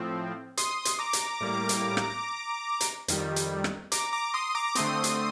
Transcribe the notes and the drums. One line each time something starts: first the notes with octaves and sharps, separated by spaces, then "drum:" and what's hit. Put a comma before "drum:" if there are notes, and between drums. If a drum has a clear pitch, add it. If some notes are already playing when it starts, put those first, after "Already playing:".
Already playing: A2 F3 C4
C6 D#6, drum: hi-hat
drum: hi-hat
A#5 D6
drum: hi-hat
A2 G3 A#3
drum: hi-hat
drum: rim click
drum: hi-hat
F2 D#3 G3, drum: hi-hat
drum: hi-hat
drum: rim click
A#5 D6, drum: hi-hat
A#5 D6
C6 D#6
A#5 D6
D3 A3 C4 C6 D#6, drum: hi-hat
drum: hi-hat